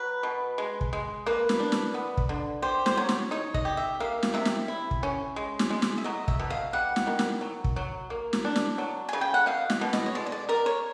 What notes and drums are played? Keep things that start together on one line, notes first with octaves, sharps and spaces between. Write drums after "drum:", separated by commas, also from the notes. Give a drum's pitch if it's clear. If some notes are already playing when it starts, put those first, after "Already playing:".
Already playing: F#3 B4
B2
G#3
drum: kick
G#3
A#3 B4
drum: snare
D4
drum: snare
B3
drum: kick
D3
G4 C5
C5, drum: snare
F#3 C#5
drum: snare
D#4 C#5
D#5, drum: kick
G4
E5
A#3 F5
drum: snare
C3 E5
drum: snare
E4
drum: kick
C#4
G#3
drum: snare
G#3
drum: snare
E5
F#3 D#5
E5, drum: kick
B2
F5
G3 F#5
drum: snare
D#3
drum: snare
F#3
drum: kick
F#3
A#3
drum: snare
D4
drum: snare
F#3
C#3 G#5
G5
F#5
B2 F5
D#5, drum: snare
B2
D#5, drum: snare
C#5
G#3 D5
D#5
D5
A#4 D5
C#5